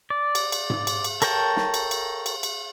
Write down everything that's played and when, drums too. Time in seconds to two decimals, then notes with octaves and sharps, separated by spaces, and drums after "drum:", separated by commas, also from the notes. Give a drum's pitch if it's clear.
0.10 D5
0.35 drum: cymbal
0.52 drum: cymbal
0.70 drum: tom G#2
0.87 drum: cymbal
1.04 drum: cymbal
1.22 A4 A#4 C#5 G5 A5, drum: cymbal
1.56 drum: snare
1.74 drum: cymbal
1.91 drum: cymbal
2.26 drum: cymbal
2.43 drum: cymbal